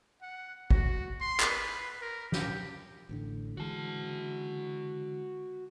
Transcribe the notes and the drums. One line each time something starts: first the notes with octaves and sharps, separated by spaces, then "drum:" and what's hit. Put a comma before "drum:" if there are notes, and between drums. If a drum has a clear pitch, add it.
F#5
F#4, drum: kick
C6
drum: clap
B4
A#4
G4, drum: snare
A1 A2 D3
D3 E3 G#3 F#4 A5